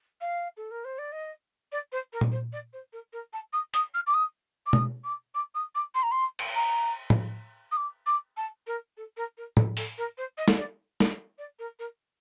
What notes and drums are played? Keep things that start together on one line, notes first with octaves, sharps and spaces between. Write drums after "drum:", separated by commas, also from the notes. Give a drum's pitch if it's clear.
F5
A4
A#4
C5
D5
D#5
D5
C5
A#4
drum: tom A#2
C5
D5
C5
A#4
A#4
A5
D#6
D#6, drum: hi-hat
F6
D6
D#6
D6
D#6, drum: tom B2
D6
D6
D#6
D6
C6
A#5
C6
drum: cymbal
A#5
drum: tom A2
D#6
D6
D6
A5
A#4
A4
A#4
A#4
A4, drum: tom A2
A4, drum: open hi-hat
A#4
C5
D#5
drum: snare
D5
drum: snare
D5
A#4
A#4